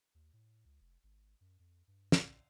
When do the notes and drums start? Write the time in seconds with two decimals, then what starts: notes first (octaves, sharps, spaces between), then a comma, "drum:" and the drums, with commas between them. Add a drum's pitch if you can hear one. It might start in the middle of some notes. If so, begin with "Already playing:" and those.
0.15 D#2
0.33 A2
0.65 C#2
0.81 F1
1.03 G#1
1.41 F#2
1.59 F2
1.88 G2
2.12 F#1, drum: snare
2.28 A#1